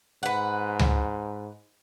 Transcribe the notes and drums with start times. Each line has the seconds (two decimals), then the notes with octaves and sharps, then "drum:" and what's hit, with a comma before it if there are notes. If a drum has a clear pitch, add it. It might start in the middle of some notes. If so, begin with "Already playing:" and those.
0.23 G#2 B4 F#5
0.79 drum: tom C#2